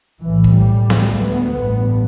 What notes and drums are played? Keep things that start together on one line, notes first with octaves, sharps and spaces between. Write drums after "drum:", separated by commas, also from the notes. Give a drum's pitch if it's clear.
B1 A2 E3
drum: kick
G3
D2, drum: snare B3
B3
A1 G2